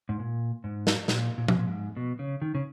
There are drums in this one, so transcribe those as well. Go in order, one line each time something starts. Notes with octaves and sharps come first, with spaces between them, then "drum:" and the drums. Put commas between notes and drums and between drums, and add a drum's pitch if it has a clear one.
G#2
A#2
G#2
drum: snare
A#2, drum: snare
A#2
B2, drum: tom F3
A#2
G#2
B2
C#3
D#3
C#3